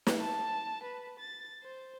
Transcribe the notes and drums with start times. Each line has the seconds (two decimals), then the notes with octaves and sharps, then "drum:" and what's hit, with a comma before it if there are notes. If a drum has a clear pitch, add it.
0.07 drum: snare
0.21 A5
0.84 B4
1.20 A6
1.63 C5